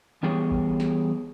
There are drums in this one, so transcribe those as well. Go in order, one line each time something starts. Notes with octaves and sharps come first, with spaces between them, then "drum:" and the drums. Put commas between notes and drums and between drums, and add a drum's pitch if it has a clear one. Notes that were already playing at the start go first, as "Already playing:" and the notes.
E3 G3 B3 G4 G#4 C#5
drum: kick G#1
drum: snare